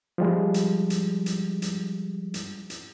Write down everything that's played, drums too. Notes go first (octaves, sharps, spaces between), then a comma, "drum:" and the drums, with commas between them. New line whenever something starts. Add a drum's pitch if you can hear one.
F3 G3 G#3
drum: hi-hat
drum: hi-hat
drum: hi-hat
drum: hi-hat
drum: hi-hat
drum: hi-hat